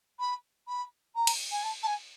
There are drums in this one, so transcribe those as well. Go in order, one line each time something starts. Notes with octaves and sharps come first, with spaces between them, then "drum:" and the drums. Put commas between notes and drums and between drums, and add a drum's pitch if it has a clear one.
B5
B5
A#5
drum: cymbal
G#5
A5
A5
G#5